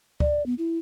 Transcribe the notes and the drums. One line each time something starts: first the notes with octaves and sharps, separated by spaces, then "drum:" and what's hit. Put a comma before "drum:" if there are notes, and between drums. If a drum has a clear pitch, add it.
D5, drum: kick
B3
E4